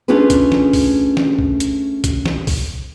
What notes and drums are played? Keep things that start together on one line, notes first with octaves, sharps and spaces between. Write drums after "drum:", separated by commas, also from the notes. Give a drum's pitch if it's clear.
A3 C#4 D4 F4 G#4 B4
drum: kick B1, hi-hat
drum: snare
drum: kick B1, open hi-hat
drum: snare
drum: kick B1
drum: hi-hat
drum: kick B1, hi-hat
drum: snare
drum: kick B1, open hi-hat